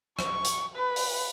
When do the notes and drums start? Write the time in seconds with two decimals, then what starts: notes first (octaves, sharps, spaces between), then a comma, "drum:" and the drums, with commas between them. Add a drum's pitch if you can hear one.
0.19 C#6, drum: rim click
0.44 drum: hi-hat
0.76 B4
0.96 drum: open hi-hat